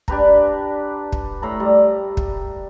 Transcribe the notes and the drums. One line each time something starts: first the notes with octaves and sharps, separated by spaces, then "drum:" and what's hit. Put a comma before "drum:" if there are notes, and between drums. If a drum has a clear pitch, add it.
D4 G4 B4 A#5, drum: kick
drum: kick
A2 A#5 B5
G3
drum: kick